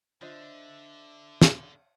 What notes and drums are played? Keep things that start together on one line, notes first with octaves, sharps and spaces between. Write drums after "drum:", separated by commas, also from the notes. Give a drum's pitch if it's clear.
D3 D4 F4 C5 D#5 E5
drum: snare